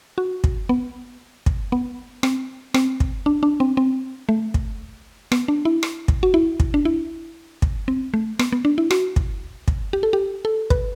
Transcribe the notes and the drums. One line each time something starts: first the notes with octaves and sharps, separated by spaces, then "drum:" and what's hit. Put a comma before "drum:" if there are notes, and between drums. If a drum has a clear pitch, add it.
F#4
drum: kick
B3
drum: kick
B3
C4, drum: rim click
C4, drum: rim click
drum: kick
D4
D4
C4
C4
A3
drum: kick
B3, drum: rim click
D4
E4
drum: rim click
drum: kick
F#4
E4
drum: kick
D4
E4
drum: kick
C4
A3
B3, drum: rim click
B3
D4
E4
F#4, drum: rim click
drum: kick
drum: kick
G4
A4
G4
A4
B4, drum: kick